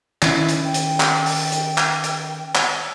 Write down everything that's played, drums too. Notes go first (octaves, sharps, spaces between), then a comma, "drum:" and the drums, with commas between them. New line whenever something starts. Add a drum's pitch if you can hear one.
D#3 C#4 E4, drum: clap
drum: hi-hat
G5
drum: hi-hat
drum: clap
drum: open hi-hat
drum: hi-hat
drum: clap
drum: hi-hat
drum: clap